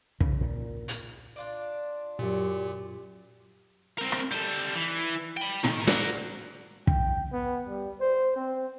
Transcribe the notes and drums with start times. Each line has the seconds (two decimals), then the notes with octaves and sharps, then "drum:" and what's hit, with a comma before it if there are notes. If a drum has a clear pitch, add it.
0.20 C#3, drum: kick
0.41 A#2
0.88 drum: hi-hat
1.36 D4 F4 D5
2.19 F#2 A#2 G4
3.98 C4 A#4
4.12 drum: rim click
4.32 G3 A4
4.74 E3
5.37 G5 B5
5.64 D#3, drum: tom
5.87 F#4 A#4, drum: snare
6.87 G5, drum: kick
7.32 B3
7.68 G3
8.00 C5
8.36 C4